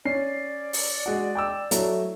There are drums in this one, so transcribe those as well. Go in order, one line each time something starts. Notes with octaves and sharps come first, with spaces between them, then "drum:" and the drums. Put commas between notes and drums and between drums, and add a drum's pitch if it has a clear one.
C#4 D5 C7
drum: open hi-hat
G#3 F#4
G5 D6 E6
F#3 A3 E4, drum: hi-hat